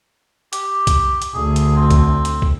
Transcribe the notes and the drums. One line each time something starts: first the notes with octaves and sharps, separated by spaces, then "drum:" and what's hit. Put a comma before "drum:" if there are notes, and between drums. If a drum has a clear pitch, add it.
G4, drum: hi-hat
drum: kick, hi-hat
drum: hi-hat
D2 D3 G#4
drum: hi-hat
C4
drum: kick, hi-hat
drum: hi-hat
drum: kick